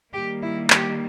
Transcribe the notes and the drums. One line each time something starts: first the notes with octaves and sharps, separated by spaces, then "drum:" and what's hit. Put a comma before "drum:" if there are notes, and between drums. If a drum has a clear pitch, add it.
D#3 G3 A#3 G4
E4
G4, drum: clap